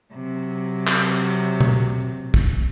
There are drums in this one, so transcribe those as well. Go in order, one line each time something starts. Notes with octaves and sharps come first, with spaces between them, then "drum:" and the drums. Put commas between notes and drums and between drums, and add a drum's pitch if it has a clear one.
C3 F#3
drum: clap
drum: tom
drum: kick